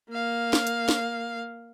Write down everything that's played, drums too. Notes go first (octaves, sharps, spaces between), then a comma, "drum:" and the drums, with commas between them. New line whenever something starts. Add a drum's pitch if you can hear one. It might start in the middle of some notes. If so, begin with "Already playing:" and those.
A#3 F5
drum: snare
drum: hi-hat
drum: snare